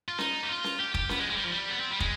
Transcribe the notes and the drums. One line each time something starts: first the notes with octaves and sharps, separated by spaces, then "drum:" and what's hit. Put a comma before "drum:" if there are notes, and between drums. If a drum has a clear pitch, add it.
F4
D#4, drum: snare C#4
G4
F4
drum: snare C#4
G4
G4, drum: kick
B3, drum: snare C#4
G#3
G#3
G3
F3
G3
B3
C4
G3
G#3, drum: kick